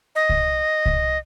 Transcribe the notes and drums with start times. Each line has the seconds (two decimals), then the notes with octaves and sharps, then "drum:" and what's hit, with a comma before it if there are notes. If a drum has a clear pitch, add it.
0.15 D#5
0.29 drum: kick C2
0.86 drum: kick C2